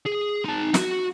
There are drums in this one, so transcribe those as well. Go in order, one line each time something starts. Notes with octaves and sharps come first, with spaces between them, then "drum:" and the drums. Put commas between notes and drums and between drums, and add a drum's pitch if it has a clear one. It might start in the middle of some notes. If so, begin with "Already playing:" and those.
G#4
D#4 A5
F#4 F#5, drum: snare